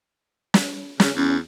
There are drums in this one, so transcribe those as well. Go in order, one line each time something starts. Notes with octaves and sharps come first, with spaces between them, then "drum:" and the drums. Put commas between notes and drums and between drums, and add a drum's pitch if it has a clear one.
drum: snare
C#3, drum: snare
E2 C#4